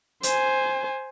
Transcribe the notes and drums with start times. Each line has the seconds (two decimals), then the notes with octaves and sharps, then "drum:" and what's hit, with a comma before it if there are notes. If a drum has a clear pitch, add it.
0.23 C5 G#5, drum: hi-hat